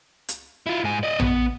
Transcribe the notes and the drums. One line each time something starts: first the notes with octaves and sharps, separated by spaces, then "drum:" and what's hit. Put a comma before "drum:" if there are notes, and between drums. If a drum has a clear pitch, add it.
drum: hi-hat
E4 F4
G#2 G#5
D5 D#5
B3, drum: tom